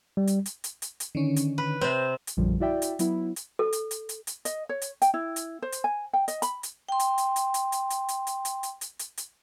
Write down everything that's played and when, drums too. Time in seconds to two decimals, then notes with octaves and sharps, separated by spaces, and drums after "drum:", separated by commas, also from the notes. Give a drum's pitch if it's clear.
0.17 G3
0.27 drum: hi-hat
0.46 drum: hi-hat
0.64 drum: hi-hat
0.82 drum: hi-hat
1.00 drum: hi-hat
1.15 D3 D#3 C#4
1.36 drum: hi-hat
1.58 B4
1.81 C3 C4 B4 C5
2.27 drum: hi-hat
2.37 A#1 F#2 A#2 D3 F3 G3
2.60 E4 F#4 D5 E5 G5
2.82 drum: hi-hat
2.99 F#3 B3 E4, drum: hi-hat
3.36 drum: hi-hat
3.59 A4
3.73 drum: hi-hat
3.91 drum: hi-hat
4.09 drum: hi-hat
4.27 drum: hi-hat
4.45 D#5, drum: hi-hat
4.69 C#5
4.82 drum: hi-hat
5.02 G5, drum: hi-hat
5.14 E4
5.36 drum: hi-hat
5.62 C5
5.72 drum: hi-hat
5.84 G#5
6.13 G5
6.28 D#5, drum: hi-hat
6.42 B5, drum: hi-hat
6.63 drum: hi-hat
6.89 G5 C6
7.00 drum: hi-hat
7.18 drum: hi-hat
7.36 drum: hi-hat
7.54 drum: hi-hat
7.72 drum: hi-hat
7.90 drum: hi-hat
8.09 drum: hi-hat
8.27 drum: hi-hat
8.45 drum: hi-hat
8.63 drum: hi-hat
8.81 drum: hi-hat
8.99 drum: hi-hat
9.17 drum: hi-hat